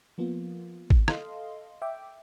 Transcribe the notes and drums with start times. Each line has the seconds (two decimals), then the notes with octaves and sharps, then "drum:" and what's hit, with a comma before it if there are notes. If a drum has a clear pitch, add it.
0.18 F3 A#3 B3 F4
0.90 drum: kick G#1
1.08 A4 D#5 F5 C6, drum: rim click
1.82 E5 G5 D6